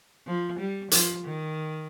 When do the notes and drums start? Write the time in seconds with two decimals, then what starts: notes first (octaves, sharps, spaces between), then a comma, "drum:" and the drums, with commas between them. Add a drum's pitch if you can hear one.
0.27 F3
0.59 G3
0.91 F3, drum: hi-hat
1.24 D#3